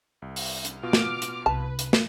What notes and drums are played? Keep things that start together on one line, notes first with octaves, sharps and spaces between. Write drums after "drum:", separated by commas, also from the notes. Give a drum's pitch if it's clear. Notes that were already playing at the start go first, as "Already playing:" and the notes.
C2
drum: open hi-hat
drum: hi-hat
B2 F4 D6 F6
drum: snare
drum: hi-hat
C2 B4 A5
drum: hi-hat
drum: snare